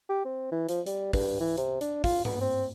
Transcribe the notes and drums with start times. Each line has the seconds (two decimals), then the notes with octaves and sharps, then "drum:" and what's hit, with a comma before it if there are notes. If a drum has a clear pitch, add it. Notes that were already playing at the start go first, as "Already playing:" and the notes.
0.09 G4
0.25 C4
0.52 E3
0.69 F3, drum: hi-hat
0.86 G3, drum: hi-hat
1.13 G2, drum: kick, open hi-hat
1.40 E3
1.58 C3, drum: hi-hat
1.81 D4, drum: hi-hat
2.04 F4, drum: kick, open hi-hat
2.25 B3, drum: tom G2
2.41 C4